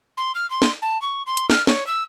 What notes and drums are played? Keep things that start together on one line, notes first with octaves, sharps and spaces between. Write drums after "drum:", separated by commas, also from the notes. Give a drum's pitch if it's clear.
C6
F6
C6
drum: snare
A5
C#6
C6
drum: hi-hat
F6, drum: snare
C#5, drum: snare
E6